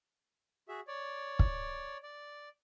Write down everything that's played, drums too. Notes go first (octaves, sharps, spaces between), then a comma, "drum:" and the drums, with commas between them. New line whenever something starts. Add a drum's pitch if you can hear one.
F#4 G#4 E5
C#5 D5
drum: kick
D5